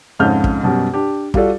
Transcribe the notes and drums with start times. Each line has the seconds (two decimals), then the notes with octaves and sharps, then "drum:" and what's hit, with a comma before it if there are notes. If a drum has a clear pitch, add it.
0.19 F2 G#2 C#3 F6 G6
0.44 drum: kick
0.63 F#2 B2 G3
0.94 D4 G4
1.34 G3 F4 F#4 A4 D5, drum: kick